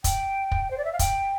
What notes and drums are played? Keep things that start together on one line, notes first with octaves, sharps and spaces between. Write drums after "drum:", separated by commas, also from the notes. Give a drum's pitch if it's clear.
G5, drum: kick, hi-hat
drum: kick
C5
D5
E5
F5
G5, drum: kick, hi-hat